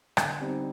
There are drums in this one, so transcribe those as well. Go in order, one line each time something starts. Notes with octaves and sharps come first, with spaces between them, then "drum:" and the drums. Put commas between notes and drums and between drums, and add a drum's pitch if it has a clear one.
D3 G#5, drum: rim click
G3 C4 D#4